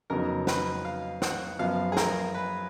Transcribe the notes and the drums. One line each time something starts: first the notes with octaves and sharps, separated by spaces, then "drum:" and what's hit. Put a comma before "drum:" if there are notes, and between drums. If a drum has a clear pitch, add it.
F2 C#3 F#3 B3 D#4 A#4
B4, drum: snare
F5
F#5, drum: snare
F#2 F3 B3 F5
G#4
A#4, drum: snare
B4